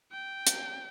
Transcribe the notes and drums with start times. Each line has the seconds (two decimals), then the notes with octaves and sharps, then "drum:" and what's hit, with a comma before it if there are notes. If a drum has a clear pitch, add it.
0.12 G5
0.47 drum: hi-hat